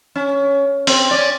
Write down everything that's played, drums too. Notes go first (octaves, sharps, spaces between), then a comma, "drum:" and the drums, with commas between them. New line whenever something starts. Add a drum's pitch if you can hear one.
C#4
C4, drum: open hi-hat
C#4 D5